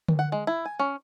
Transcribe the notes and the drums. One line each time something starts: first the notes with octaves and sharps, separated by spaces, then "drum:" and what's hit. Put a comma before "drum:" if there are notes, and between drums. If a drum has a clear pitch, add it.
drum: tom D3
F#5
G#3
E4
G#5
C#4